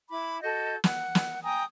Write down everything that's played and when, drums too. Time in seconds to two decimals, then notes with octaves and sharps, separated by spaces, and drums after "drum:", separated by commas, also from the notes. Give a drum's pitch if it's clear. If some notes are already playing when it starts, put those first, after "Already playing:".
0.10 E4 B5 D6
0.42 F#4 A4 D#5 G6
0.84 F#5, drum: snare
1.15 drum: snare
1.43 G5 G#5 A#5 D#6